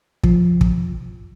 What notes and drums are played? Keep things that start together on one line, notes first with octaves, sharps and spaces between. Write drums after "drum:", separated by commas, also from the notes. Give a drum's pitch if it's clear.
F3, drum: kick
drum: kick